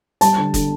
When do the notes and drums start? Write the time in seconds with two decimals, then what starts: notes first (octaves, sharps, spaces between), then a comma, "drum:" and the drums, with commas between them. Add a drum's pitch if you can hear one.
0.21 G3 A5, drum: hi-hat
0.38 D3
0.54 D3, drum: kick, hi-hat